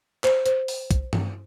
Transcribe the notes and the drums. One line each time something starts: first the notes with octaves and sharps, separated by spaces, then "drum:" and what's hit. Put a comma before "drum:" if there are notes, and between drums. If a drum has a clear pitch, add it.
C5, drum: clap
C5, drum: hi-hat
drum: open hi-hat
drum: kick, hi-hat
drum: tom G2